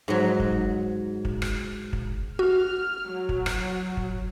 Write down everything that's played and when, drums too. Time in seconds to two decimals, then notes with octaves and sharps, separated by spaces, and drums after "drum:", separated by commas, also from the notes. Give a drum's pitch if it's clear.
0.08 G#2 F#3
0.40 drum: kick
1.25 drum: kick
1.42 drum: rim click
1.93 drum: kick
2.39 F#4 F6
3.12 F#3
3.29 drum: kick
3.46 drum: rim click
3.97 drum: kick